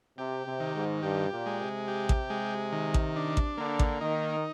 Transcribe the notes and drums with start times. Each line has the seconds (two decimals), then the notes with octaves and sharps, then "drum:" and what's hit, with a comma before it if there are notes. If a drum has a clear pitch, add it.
0.18 C3 G4
0.46 C3
0.60 D#3
0.75 G#2
1.03 G2 G4
1.31 A#2
1.46 G#3
1.60 C3
1.88 G4
2.09 drum: kick A1
2.30 G#3
2.73 D#3
2.94 drum: kick A1
3.16 D4
3.37 drum: kick A1
3.58 D3 A#3
3.79 drum: kick A1
4.01 D#3 D#4